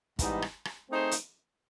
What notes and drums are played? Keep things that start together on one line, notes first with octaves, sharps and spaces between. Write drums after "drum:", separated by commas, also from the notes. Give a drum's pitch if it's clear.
G#2 E3 G3 B3 D#4, drum: kick, hi-hat
drum: rim click
drum: rim click
A3 C4 D#4 G#4 C5
drum: hi-hat